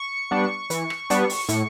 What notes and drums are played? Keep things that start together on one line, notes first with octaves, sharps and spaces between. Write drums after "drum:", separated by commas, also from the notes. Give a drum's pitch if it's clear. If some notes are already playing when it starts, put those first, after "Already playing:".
Already playing: C#6
G3 B3 D4
E3, drum: hi-hat
drum: rim click
G3 B3 D4, drum: hi-hat
drum: open hi-hat
A2, drum: hi-hat